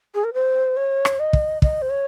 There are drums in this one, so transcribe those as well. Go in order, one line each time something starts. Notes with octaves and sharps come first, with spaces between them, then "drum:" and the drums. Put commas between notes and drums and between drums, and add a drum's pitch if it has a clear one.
G#4
A#4
C5
C#5
drum: rim click
D#5
drum: kick
D#5, drum: kick
C5
C#5